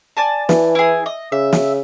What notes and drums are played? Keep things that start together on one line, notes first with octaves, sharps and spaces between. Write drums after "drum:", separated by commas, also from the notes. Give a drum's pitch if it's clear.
D5 G#5 A5
E3, drum: snare
E4 G#4
D#5
C#3 E5
drum: snare